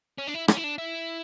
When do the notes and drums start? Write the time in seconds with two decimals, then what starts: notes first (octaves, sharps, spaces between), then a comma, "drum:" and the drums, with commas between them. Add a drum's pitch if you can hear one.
0.18 C#4
0.27 D4
0.34 E4
0.48 C#4, drum: rim click
0.57 E4
0.64 D4
0.78 E4